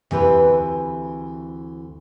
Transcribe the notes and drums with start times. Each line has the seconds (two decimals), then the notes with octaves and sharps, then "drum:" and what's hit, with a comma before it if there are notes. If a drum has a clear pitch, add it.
0.11 D2 E3 C4 G4 B4, drum: tom E2